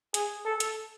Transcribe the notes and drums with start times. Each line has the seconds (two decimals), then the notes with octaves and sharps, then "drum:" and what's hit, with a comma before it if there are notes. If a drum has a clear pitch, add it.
0.14 G#4, drum: hi-hat
0.45 A4
0.60 drum: hi-hat